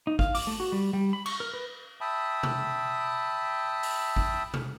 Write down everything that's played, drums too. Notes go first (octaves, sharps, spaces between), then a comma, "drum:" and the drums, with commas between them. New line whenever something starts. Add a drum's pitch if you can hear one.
D#4
F5, drum: kick
D6, drum: open hi-hat
A3
F#4
G3
G3
B5
C#6, drum: cymbal
A#4
B4
E5 G5 A5 B5 D#6
drum: tom B2
drum: open hi-hat
drum: kick
drum: tom B2